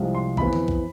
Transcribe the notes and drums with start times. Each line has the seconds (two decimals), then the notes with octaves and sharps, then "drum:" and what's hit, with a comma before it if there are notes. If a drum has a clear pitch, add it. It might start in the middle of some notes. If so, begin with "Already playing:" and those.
Already playing: C2 C3 F3 G#3
0.15 C6
0.37 F2 E3 B3 B5, drum: kick B1
0.53 drum: tom
0.68 drum: kick B1